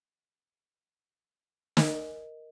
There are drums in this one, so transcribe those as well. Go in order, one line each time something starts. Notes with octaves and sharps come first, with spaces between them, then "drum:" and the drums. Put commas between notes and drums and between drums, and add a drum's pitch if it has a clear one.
A#4 D#5, drum: snare